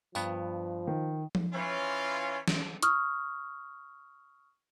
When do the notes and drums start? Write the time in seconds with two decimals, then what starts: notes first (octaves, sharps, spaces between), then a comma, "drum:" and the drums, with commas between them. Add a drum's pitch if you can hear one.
0.15 G2 F3 B3, drum: tambourine
0.87 D#3
1.35 drum: tom F3
1.54 E3 C#4 F4
2.48 drum: snare
2.83 C#6 D#6 F6, drum: hi-hat